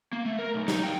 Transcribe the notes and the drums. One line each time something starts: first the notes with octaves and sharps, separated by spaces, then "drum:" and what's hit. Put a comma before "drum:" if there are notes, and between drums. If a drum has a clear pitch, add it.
A#3
A3
A#4
B1
D#4, drum: snare
F5 G5